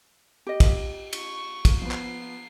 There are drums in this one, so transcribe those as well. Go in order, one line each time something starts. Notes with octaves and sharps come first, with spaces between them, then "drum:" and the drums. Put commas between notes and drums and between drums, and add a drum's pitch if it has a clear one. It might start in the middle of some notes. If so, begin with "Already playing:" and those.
G4 D#5
drum: kick, cymbal
C#6, drum: cymbal
drum: kick, cymbal
F3 B3 C7
drum: clap